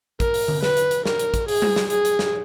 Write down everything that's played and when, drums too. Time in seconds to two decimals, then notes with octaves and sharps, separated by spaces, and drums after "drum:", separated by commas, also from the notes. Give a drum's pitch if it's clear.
0.20 A#4, drum: kick, hi-hat
0.34 drum: open hi-hat
0.48 drum: tom D3
0.63 B4, drum: snare
0.77 drum: hi-hat
0.91 drum: hi-hat
1.06 A#4, drum: snare
1.19 drum: hi-hat
1.34 drum: kick, hi-hat
1.48 G#4, drum: open hi-hat
1.62 drum: tom G3
1.76 drum: snare
1.90 G#4, drum: hi-hat
2.05 drum: hi-hat
2.19 drum: snare